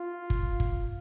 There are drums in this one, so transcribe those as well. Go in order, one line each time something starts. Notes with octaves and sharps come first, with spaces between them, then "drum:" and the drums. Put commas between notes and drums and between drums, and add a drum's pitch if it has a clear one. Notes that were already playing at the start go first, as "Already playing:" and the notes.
Already playing: F4
drum: kick
drum: kick